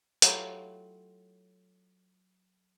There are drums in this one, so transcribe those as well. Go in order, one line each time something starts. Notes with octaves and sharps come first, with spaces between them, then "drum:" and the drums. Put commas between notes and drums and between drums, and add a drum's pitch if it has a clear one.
F#3 A3 E4 F4 G4 E5, drum: hi-hat